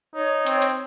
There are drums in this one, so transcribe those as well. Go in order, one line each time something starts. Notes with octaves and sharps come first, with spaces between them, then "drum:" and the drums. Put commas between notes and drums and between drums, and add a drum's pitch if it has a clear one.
D#4 C#5
C4, drum: hi-hat
drum: hi-hat